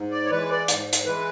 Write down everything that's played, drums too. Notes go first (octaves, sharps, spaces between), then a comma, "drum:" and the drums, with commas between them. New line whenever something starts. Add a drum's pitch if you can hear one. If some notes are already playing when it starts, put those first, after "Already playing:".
Already playing: G#2
D5
C#5
E3 G#3 B4
D5
G#2, drum: hi-hat
drum: hi-hat
E3 G#3 B4